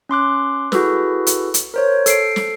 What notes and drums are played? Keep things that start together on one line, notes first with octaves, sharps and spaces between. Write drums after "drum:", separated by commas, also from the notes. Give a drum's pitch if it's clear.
C#4 C6 D6 F#6
E4 F#4 G#4 A4 B4, drum: snare
drum: hi-hat
drum: hi-hat
A#4 C5 C#5
A4 C7 D7, drum: hi-hat
drum: snare